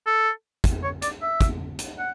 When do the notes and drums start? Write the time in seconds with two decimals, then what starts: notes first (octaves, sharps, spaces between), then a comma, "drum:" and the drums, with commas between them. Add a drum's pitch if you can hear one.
0.06 A4
0.64 drum: kick, hi-hat
0.83 C#5
1.02 D5, drum: hi-hat
1.22 E5
1.41 drum: kick, hi-hat
1.79 drum: hi-hat
1.99 F#5